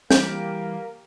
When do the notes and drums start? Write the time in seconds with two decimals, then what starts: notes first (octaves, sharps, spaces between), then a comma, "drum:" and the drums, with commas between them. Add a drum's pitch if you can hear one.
0.11 E3 G3 A#3 G4 G6, drum: snare